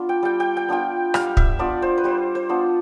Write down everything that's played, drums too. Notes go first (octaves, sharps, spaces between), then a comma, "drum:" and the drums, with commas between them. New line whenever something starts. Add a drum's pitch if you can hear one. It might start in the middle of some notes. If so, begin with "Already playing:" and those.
Already playing: B3 D4 F4
G5
G3 G5
G5
G5
B3 D4 F4 G5
G3 F5, drum: rim click
E5, drum: kick
B3 D4 F4 D5
C5
B4
G3 C5
C5
B3 D4 F4